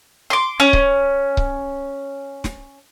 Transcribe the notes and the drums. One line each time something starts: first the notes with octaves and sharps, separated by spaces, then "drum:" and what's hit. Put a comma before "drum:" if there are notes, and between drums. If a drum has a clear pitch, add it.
C6 D6
C#4
drum: kick C#1
drum: kick C#1
drum: snare